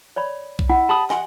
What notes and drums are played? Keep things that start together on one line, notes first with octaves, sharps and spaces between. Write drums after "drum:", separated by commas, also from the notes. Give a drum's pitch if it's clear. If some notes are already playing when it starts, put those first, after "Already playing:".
C#5 D5 B5
drum: kick B1
E4 F#5
G4 A5 B5 D#6
D#5 F#5 G#5 C6, drum: snare